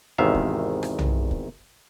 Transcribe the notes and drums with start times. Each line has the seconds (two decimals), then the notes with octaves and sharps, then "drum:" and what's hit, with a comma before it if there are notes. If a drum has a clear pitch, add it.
0.18 G#1 E2 C3 D#3 E5 F5
0.34 drum: kick
0.83 drum: rim click
0.99 drum: tom B1
1.31 drum: kick